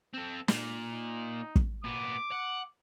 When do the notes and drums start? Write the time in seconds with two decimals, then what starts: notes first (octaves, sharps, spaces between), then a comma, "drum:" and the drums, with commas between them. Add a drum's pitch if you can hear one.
0.14 C4 A4
0.48 A#2, drum: snare
0.92 D#4
1.56 drum: kick
1.84 A#2 B3 D6
2.32 F#5